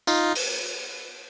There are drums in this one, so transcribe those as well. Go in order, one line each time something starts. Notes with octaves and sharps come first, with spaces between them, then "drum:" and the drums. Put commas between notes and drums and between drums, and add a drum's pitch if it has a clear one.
D#4 F4, drum: tambourine
drum: open hi-hat